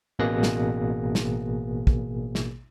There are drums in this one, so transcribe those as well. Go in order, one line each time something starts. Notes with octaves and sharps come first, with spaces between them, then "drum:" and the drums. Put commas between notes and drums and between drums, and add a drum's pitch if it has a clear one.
A1 B2 A#3 G#4 F#6 A#6
drum: snare
drum: snare
drum: kick
drum: snare